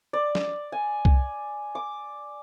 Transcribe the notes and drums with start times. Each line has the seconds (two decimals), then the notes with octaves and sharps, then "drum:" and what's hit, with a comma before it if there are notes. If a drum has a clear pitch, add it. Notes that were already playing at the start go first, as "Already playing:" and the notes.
0.13 D5
0.35 drum: snare
0.72 G#5
1.05 drum: kick C2
1.75 D6